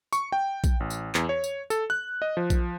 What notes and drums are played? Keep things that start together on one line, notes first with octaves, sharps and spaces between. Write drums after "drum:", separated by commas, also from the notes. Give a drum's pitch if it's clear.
C#6, drum: tambourine
G5
drum: kick A#1, tambourine
A1
drum: tambourine
E2, drum: clap
C#5
drum: tambourine
A4, drum: tambourine
F#6
D#5
F3
drum: kick A#1, tambourine